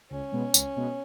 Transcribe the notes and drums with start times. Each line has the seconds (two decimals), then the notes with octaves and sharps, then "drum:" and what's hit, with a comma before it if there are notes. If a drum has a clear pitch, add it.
0.11 C#2 C#4
0.32 B2 G#3 B3
0.54 C#2, drum: tambourine
0.76 B2 G#3 B3